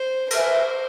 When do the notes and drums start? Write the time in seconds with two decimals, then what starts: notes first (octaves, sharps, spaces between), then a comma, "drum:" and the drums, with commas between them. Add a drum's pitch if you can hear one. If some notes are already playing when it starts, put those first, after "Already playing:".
Already playing: C5
0.30 B4 C5 E5 G#5, drum: cymbal